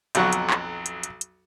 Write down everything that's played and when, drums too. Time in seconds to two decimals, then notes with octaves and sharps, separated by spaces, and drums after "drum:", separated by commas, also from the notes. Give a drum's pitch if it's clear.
0.15 B1 F2 F#3 F#5 C#6, drum: hi-hat
0.33 drum: hi-hat
0.50 drum: clap
0.86 drum: hi-hat
1.03 drum: hi-hat
1.21 drum: hi-hat